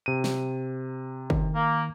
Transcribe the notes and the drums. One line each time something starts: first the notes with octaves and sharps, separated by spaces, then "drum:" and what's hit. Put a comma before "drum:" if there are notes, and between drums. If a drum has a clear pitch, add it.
C3 D#7
drum: snare
D#3, drum: kick
A#3